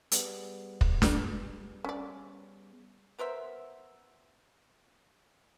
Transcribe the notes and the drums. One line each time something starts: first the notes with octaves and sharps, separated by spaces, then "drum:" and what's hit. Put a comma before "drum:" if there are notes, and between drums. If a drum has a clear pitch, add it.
G3 B3 G#4, drum: hi-hat
drum: kick
drum: snare
C#4 D5
B3 A#4 C5 E5